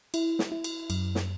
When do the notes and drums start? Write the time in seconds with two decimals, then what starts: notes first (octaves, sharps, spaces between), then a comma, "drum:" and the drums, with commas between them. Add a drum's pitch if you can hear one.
0.14 E4, drum: cymbal
0.39 drum: snare
0.52 E4
0.64 drum: cymbal
0.90 F#2, drum: cymbal
1.15 drum: snare